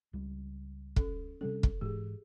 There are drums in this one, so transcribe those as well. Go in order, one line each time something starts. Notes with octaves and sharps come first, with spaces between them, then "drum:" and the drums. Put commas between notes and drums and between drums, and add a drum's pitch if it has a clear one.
C#2 G3
C#4 A4, drum: kick
C3 G3 C#4 A4
drum: kick
G#2 E3 G4 G#4